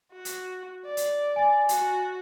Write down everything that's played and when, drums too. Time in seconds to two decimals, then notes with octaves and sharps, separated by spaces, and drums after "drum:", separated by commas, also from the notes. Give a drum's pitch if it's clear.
0.12 F#4
0.25 drum: hi-hat
0.85 D5
0.97 drum: hi-hat
1.36 G#5 A6
1.69 F#4, drum: hi-hat